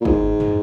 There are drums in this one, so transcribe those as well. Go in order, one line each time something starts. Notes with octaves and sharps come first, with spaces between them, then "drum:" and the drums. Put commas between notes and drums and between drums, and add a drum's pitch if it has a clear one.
A#2
G#2, drum: kick
drum: tom